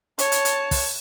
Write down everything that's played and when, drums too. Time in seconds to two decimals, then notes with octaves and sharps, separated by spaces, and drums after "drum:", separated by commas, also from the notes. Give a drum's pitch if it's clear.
0.19 C#5 A5, drum: hi-hat
0.32 drum: hi-hat
0.45 drum: hi-hat
0.71 drum: kick, open hi-hat